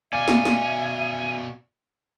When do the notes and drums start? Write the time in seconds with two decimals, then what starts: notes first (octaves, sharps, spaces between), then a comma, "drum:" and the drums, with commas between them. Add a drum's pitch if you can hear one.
0.13 B2 C#4 D5 E5 F5 G#5
0.28 drum: snare
0.45 drum: snare